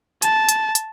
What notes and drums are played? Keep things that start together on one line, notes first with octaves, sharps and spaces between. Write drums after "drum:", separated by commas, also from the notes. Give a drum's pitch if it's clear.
A5, drum: hi-hat
drum: hi-hat
drum: hi-hat